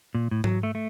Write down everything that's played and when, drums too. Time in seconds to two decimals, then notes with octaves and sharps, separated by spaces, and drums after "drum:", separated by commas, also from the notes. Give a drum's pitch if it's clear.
0.14 A#2
0.31 A2
0.44 F#3, drum: tom G#2
0.63 A3
0.75 A3